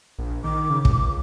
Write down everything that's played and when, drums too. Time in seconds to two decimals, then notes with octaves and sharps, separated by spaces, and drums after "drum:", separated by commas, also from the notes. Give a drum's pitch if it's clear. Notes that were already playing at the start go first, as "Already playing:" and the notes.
0.18 A#1
0.44 D#3 D6
0.70 C#3
0.85 C#2, drum: kick